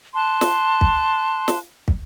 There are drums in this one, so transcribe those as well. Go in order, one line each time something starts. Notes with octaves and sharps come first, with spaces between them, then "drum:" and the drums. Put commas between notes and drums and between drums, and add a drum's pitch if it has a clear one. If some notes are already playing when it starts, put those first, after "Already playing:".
A5 C6 F#6
drum: snare
drum: kick
drum: snare
drum: kick